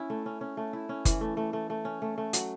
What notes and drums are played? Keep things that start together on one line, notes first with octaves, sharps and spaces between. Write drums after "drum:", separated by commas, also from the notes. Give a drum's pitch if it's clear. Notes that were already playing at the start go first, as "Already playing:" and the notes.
Already playing: C#4 E4
A3
C#4
C#4
A3
E4
C#4
E3, drum: kick F#1, hi-hat
A3
A3
A3
A3
C#4
A3
A3
F#3, drum: hi-hat